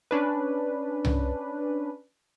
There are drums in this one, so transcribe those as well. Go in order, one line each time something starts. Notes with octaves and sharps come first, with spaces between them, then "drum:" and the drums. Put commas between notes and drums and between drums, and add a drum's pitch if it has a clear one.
C#4 D4 B4
drum: tom C2